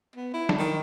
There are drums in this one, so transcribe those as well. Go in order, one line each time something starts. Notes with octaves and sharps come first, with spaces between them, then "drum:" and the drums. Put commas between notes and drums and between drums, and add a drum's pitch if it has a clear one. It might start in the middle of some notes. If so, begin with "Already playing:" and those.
B3
E4
drum: snare
D#3